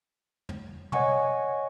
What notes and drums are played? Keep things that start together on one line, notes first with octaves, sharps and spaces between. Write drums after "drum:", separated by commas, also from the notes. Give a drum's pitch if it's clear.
drum: tom
C#5 D#5 F#5 G#5 C#6, drum: tom